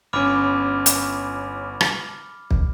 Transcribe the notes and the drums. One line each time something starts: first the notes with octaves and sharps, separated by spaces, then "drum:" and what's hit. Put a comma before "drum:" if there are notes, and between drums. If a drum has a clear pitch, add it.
G1 C#4 B5 D6 F6
drum: hi-hat
drum: rim click
drum: kick